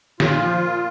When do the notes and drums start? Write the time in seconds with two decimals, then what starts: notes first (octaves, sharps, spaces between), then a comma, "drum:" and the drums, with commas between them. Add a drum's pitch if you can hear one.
0.20 A#2 F4, drum: snare
0.41 F3
0.61 A#2